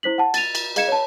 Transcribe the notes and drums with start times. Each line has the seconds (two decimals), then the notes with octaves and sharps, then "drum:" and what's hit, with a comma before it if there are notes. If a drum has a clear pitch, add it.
0.03 E4 C5 B6 F#7
0.18 F#5 A5
0.34 A6 D#7 F7, drum: cymbal
0.55 drum: cymbal
0.76 G#4 D#5 F5 G#6 C#7 E7, drum: cymbal
0.88 C#5 A5